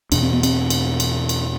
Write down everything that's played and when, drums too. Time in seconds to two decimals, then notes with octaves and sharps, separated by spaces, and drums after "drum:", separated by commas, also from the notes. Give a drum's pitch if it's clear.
0.12 E2 B2 D4, drum: cymbal
0.22 C4
0.33 B3
0.43 C4, drum: cymbal
0.70 drum: cymbal
1.00 drum: cymbal
1.29 drum: cymbal